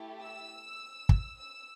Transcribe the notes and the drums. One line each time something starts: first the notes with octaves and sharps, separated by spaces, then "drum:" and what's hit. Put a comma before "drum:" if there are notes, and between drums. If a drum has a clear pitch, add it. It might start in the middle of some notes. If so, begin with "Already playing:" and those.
Already playing: A3 E4 G4
E6
drum: kick
E6